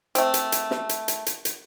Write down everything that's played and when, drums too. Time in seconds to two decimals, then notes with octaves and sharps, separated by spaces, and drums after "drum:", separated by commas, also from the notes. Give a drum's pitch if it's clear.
0.15 A3 C4, drum: hi-hat
0.34 drum: hi-hat
0.52 drum: hi-hat
0.71 drum: snare
0.89 drum: hi-hat
1.08 drum: hi-hat
1.26 drum: hi-hat
1.45 drum: hi-hat